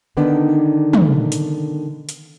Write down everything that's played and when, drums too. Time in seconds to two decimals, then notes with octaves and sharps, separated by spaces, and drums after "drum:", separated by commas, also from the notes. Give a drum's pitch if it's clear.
0.17 D3 D#3 B3 D4 D#4
0.93 drum: tom
1.32 drum: hi-hat
2.09 drum: hi-hat